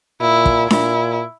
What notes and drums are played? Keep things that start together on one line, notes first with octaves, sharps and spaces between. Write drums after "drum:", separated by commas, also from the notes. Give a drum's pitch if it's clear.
A#2 E4
drum: kick
A#2 E4, drum: snare D4